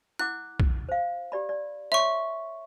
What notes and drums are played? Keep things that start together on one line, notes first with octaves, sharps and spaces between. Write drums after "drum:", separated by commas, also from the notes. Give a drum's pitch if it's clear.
E4 F#5 D6 F#6
drum: kick
C5 F5
G4 D5 B5
D5
C#5 E5 C6 C#6